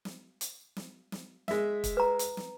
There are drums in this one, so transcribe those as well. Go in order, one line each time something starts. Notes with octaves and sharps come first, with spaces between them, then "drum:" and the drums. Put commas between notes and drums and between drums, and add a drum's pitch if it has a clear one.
drum: snare
drum: hi-hat
drum: snare
drum: snare
G#3 E5, drum: snare
drum: kick, hi-hat
B4 A#5
drum: hi-hat
drum: snare